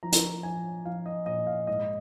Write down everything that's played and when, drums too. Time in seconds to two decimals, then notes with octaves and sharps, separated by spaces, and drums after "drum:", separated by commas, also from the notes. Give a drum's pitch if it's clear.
0.03 F3 A#5
0.12 drum: hi-hat
0.43 F3 G#5
0.85 F3 F5
1.06 D#5
1.26 A#2 D#5
1.47 F5
1.67 G#2 D#5